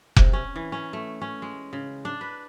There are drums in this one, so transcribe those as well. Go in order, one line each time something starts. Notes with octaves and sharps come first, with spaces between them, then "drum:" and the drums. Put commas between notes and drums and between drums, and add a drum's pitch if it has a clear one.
C3, drum: kick F1
C#4
E3
C#4
A3
C#4
G#3
C#3
D4
B4